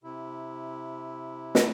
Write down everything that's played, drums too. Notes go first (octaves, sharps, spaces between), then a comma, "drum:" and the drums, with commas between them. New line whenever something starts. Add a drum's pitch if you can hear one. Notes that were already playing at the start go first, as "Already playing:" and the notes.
C3 E4
drum: snare